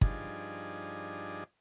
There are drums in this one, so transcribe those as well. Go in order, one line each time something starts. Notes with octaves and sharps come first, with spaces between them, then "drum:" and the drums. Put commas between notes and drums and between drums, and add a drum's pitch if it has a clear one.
G2 F3 D4 D#4 G#4, drum: kick